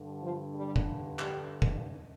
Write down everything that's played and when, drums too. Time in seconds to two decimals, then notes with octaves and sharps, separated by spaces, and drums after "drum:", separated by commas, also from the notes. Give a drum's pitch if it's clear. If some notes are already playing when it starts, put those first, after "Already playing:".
Already playing: G2 D3
0.21 F3
0.54 G3
0.76 drum: kick
1.19 G3, drum: clap
1.62 drum: kick